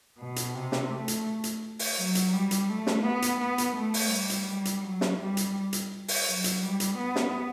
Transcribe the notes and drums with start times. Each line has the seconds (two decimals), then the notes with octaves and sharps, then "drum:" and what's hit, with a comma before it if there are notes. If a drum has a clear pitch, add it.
0.19 B2
0.36 drum: hi-hat
0.55 C3
0.72 drum: snare
0.90 A3
1.08 drum: hi-hat
1.44 drum: hi-hat
1.79 drum: open hi-hat
1.97 F#3
2.15 drum: hi-hat
2.33 G3
2.51 drum: hi-hat
2.69 A3
2.87 drum: snare
3.04 B3
3.22 drum: hi-hat
3.40 B3
3.58 drum: hi-hat
3.76 A3
3.94 drum: open hi-hat
4.12 G3
4.30 drum: hi-hat
4.65 drum: hi-hat
4.83 F#3
5.01 drum: snare
5.19 G3
5.37 drum: hi-hat
5.73 drum: hi-hat
6.08 drum: open hi-hat
6.27 F#3
6.44 drum: hi-hat
6.63 G3
6.80 drum: hi-hat
6.98 B3
7.16 drum: snare